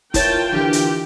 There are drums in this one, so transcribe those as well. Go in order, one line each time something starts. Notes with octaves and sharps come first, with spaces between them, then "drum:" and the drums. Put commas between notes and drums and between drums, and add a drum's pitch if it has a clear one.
E4 F4 A#4 C#5 G5 A5, drum: kick F#1, hi-hat
D3 E3 G4
drum: hi-hat